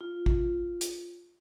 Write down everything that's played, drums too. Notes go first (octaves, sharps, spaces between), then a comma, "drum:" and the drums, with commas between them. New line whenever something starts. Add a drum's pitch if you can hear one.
F4
drum: kick
drum: hi-hat